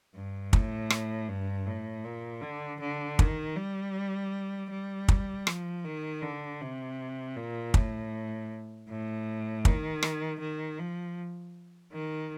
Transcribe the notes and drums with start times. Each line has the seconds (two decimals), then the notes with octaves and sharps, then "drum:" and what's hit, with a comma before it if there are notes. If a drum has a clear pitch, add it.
0.15 G2
0.53 A2, drum: kick
0.90 drum: rim click
1.28 G2
1.66 A2
2.04 A#2
2.42 D3
2.80 D3
3.19 D#3, drum: kick
3.56 G3
4.71 G3
5.08 drum: kick
5.47 F3, drum: rim click
5.85 D#3
6.22 D3
6.61 C3
7.36 A#2
7.74 A2, drum: kick
8.89 A2
9.65 D#3, drum: kick
10.03 drum: rim click
10.40 D#3
10.79 F3
11.93 D#3